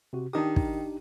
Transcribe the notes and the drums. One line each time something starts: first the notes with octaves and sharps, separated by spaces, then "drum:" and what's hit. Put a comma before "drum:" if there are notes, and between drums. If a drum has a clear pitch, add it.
C3 F#4
D#3 D4 D#4 G4 D#6
drum: kick